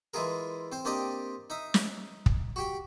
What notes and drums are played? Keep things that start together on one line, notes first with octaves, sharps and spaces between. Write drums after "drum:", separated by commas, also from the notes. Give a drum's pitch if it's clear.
E3 G#3 E4 F4 G#4 A#4
C4 C5
A#3 C4 D4 G4 D5 D#5
D#4 E5 D#6
drum: snare
drum: kick
F#4 G4 G5